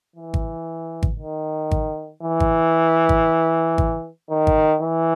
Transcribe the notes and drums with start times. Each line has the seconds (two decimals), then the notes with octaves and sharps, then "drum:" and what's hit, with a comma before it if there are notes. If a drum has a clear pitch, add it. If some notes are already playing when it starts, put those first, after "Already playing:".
0.16 E3
0.34 drum: kick G#1
1.03 drum: kick G#1
1.19 D#3
1.71 drum: kick G#1
2.23 E3
2.40 drum: kick G#1
3.09 drum: kick G#1
3.78 drum: kick G#1
4.30 D#3
4.47 drum: kick G#1
4.82 E3